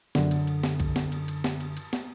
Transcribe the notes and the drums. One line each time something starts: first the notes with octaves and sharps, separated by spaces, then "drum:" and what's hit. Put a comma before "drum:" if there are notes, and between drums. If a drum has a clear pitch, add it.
F#2 D3, drum: snare
drum: cymbal
drum: cymbal
drum: snare
drum: kick B1, cymbal
drum: snare
drum: cymbal
drum: cymbal
drum: snare
drum: cymbal
drum: cymbal
drum: snare